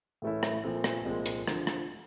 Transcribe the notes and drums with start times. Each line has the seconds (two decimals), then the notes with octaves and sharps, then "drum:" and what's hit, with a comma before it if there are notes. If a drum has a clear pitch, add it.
0.22 A2 E3 A3 C#4 E4
0.43 drum: rim click
0.64 A#2 F3 A3 C4
0.84 drum: rim click
1.05 C2 A#2 F3 G#3 C4
1.26 drum: hi-hat
1.48 D3 F3, drum: rim click
1.67 drum: rim click